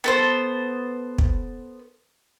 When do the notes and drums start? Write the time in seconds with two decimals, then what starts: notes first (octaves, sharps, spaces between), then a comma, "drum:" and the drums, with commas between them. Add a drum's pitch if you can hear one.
0.04 B3 A4 C5
1.18 drum: kick